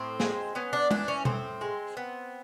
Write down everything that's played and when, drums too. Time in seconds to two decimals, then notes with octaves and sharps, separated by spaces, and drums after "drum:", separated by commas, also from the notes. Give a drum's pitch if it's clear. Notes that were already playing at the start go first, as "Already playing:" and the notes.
Already playing: A2 C4
0.20 G#3, drum: snare
0.55 B3 C#4
0.73 D4
0.91 E3 D4, drum: tom G#3
1.08 C#4
1.25 A2 C4, drum: tom B2
1.61 G#3
1.97 B3